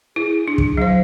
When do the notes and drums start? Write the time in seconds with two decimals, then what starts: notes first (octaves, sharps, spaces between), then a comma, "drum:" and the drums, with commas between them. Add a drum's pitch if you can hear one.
0.16 E4 G#4
0.48 D4
0.58 drum: kick
0.77 F#3 C5 F5